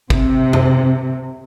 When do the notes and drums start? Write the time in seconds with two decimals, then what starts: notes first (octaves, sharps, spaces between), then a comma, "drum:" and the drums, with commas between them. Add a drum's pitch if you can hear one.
0.10 C3, drum: kick G#1
0.53 drum: tom F2